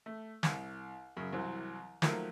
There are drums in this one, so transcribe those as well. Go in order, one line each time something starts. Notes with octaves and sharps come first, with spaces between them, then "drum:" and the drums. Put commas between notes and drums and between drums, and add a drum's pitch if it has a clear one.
A3
C2, drum: snare
F#2 C#3
C2 E3 F#3 C4
D#3 F3 F#3 A3 A#3, drum: snare